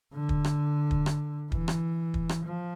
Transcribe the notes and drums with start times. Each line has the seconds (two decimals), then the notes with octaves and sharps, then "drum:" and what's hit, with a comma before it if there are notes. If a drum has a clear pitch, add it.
0.14 D3
0.29 drum: kick
0.44 drum: rim click
0.91 drum: kick
1.06 drum: rim click
1.52 E3, drum: kick
1.68 drum: rim click
2.14 drum: kick
2.29 drum: rim click
2.45 F3